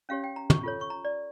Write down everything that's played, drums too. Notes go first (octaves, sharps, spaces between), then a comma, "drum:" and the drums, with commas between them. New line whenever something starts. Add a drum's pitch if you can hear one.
C#4 G4 C#5 F5
G5
A#5
C#6, drum: tom
F4 A4 C#5
C#6
A#5
D5